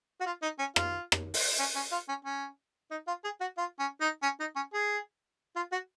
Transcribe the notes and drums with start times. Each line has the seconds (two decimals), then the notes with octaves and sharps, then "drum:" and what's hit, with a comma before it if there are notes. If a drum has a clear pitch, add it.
0.20 F#4
0.26 F4
0.42 D#4
0.59 C#4
0.76 F4, drum: rim click
1.12 drum: rim click
1.34 drum: open hi-hat
1.59 C#4
1.75 C#4
1.92 F4
2.09 C#4
2.25 C#4
2.91 D#4
3.07 F4
3.24 G#4
3.41 F#4
3.57 F4
3.79 C#4
4.01 D#4
4.22 C#4
4.40 D#4
4.56 C#4
4.73 G#4
5.56 F4
5.72 F#4